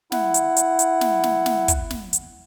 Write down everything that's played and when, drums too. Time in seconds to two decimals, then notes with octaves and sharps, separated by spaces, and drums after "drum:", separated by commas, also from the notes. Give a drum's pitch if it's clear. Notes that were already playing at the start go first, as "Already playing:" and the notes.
0.12 E4 F#5, drum: snare
0.34 drum: hi-hat
0.57 drum: hi-hat
0.79 drum: hi-hat
1.01 drum: snare
1.23 drum: snare
1.46 drum: snare
1.68 drum: kick, hi-hat
1.90 drum: snare
2.13 drum: hi-hat